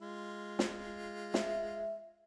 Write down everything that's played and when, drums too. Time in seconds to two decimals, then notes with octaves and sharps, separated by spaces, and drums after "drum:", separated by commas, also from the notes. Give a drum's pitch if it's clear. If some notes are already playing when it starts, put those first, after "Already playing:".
0.01 G#3 F4
0.59 drum: snare
1.34 E5, drum: snare